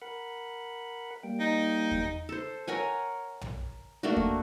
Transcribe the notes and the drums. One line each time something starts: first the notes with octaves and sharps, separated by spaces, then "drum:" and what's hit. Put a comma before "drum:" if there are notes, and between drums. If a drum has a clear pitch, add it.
A#4 F#5 B5
G3 A#3 G5
D#4
drum: kick E2
A4 C5
A#4 C#5 F#5 G#5
drum: tom
A3 A#3 D4 F#4
drum: kick E2